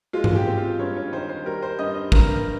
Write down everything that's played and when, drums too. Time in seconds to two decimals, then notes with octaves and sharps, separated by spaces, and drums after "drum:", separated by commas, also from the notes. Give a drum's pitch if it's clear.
0.13 G#3 F4
0.24 drum: tom G2
0.35 G4
0.47 C4
0.57 F4
0.79 G2 C#5
0.97 C#5
1.13 D#3 C5
1.29 C5
1.46 G3 A#4
1.62 C5
1.79 G2 D#5
1.95 D#5
2.12 G2 A#4, drum: kick